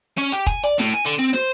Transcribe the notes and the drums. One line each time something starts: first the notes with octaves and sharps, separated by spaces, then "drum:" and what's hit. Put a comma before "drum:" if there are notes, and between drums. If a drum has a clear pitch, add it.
C#4
G4, drum: hi-hat
G#5, drum: kick, hi-hat
D5, drum: hi-hat
A2, drum: snare
G#5
D3
C4
C5, drum: snare